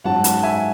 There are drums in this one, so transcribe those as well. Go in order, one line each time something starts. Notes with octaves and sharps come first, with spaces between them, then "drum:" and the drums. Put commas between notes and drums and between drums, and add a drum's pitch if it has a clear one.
G#2 F#3 C#4 F#5 A5
drum: hi-hat
E5 G#5